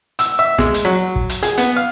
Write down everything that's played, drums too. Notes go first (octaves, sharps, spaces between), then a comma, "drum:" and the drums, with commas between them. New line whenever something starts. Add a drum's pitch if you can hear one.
E6, drum: hi-hat
E5
G#3, drum: snare
drum: hi-hat
F#3
drum: kick
drum: hi-hat
G#4, drum: hi-hat
B3, drum: hi-hat
F5